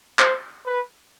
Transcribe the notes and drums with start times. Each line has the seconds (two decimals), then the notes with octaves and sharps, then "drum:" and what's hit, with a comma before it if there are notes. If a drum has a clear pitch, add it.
0.19 C5, drum: clap
0.66 B4